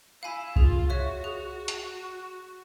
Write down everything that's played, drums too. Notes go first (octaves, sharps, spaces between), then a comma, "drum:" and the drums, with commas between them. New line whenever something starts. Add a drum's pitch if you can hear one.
E4 F5 G#5 B5
F4 G#4, drum: kick C2
F#4 C#5 E5
G#4
drum: hi-hat